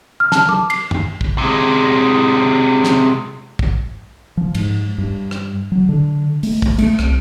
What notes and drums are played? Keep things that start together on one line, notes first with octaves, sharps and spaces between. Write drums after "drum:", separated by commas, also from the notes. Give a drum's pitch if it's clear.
F6
A5, drum: snare
D6, drum: tom
C7, drum: cymbal
drum: tom
drum: kick
C3 G#3
drum: snare
drum: kick
F3
G#2, drum: cymbal
G2
drum: rim click
F#3
D3
A3, drum: open hi-hat
drum: kick
A3, drum: cymbal
C2, drum: rim click